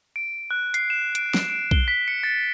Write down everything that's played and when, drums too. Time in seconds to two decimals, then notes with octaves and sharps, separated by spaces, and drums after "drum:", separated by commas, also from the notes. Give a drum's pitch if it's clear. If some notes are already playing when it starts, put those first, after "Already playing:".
0.16 D7
0.51 F#6
0.74 C7, drum: hi-hat
0.90 E7
1.15 D7, drum: hi-hat
1.34 drum: snare
1.49 D7
1.71 G7, drum: kick B1
1.88 B6
2.08 C#7
2.23 A6